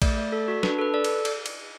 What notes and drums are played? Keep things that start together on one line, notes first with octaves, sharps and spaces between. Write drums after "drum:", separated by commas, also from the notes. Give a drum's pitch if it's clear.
A3 D5, drum: kick, cymbal
A3
A4
F#4
D4 B4, drum: snare
A4 B4
A4 D5
drum: cymbal
drum: cymbal
drum: cymbal